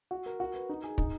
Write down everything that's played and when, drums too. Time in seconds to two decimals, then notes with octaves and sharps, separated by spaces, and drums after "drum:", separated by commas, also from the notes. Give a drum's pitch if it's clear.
0.11 F#4
0.26 A#4
0.40 F#4
0.54 B4
0.69 D#4
0.84 G#4
0.98 D#4, drum: kick